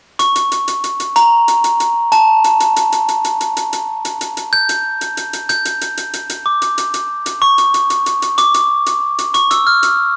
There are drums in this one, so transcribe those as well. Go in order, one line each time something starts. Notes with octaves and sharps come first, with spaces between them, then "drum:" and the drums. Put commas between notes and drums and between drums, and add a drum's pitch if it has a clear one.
C#6, drum: hi-hat
drum: hi-hat
drum: hi-hat
drum: hi-hat
drum: hi-hat
drum: hi-hat
A#5, drum: hi-hat
drum: hi-hat
drum: hi-hat
drum: hi-hat
A5, drum: hi-hat
drum: hi-hat
drum: hi-hat
drum: hi-hat
drum: hi-hat
drum: hi-hat
drum: hi-hat
drum: hi-hat
drum: hi-hat
drum: hi-hat
drum: hi-hat
drum: hi-hat
drum: hi-hat
G6
drum: hi-hat
drum: hi-hat
drum: hi-hat
drum: hi-hat
G6, drum: hi-hat
drum: hi-hat
drum: hi-hat
drum: hi-hat
drum: hi-hat
drum: hi-hat
D6
drum: hi-hat
drum: hi-hat
drum: hi-hat
drum: hi-hat
C#6
drum: hi-hat
drum: hi-hat
drum: hi-hat
drum: hi-hat
drum: hi-hat
D6, drum: hi-hat
drum: hi-hat
drum: hi-hat
drum: hi-hat
C#6, drum: hi-hat
E6, drum: hi-hat
F6
drum: hi-hat